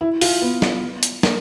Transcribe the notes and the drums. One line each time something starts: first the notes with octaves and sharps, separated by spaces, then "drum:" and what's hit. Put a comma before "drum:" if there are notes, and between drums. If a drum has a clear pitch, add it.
E4
F4, drum: open hi-hat
B3
drum: snare
drum: hi-hat
A#3, drum: snare